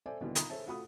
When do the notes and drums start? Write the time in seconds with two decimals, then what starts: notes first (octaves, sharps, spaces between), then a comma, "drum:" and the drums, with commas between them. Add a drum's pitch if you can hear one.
0.06 A4 C5 D5 E5 G#5
0.21 D#2 B2 D3 E3 G3 B3
0.35 D#3 D#4 F4 A#5 B5 D#6, drum: hi-hat
0.50 G#4 A4 C5 C#5 E5 A5
0.66 A3 F4 F#4 F#5 B5 D#6